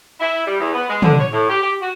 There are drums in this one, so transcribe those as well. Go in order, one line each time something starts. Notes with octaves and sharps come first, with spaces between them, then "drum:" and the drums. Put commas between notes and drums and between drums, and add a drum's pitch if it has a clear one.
E4
G3
E2
B3
G#3
D3, drum: tom
C#5
A2
G4
G4
F#4